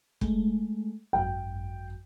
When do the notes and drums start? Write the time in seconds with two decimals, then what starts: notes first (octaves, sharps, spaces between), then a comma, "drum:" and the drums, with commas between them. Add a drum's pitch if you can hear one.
0.21 G#3 A3, drum: kick
1.13 G#1 F#2 G5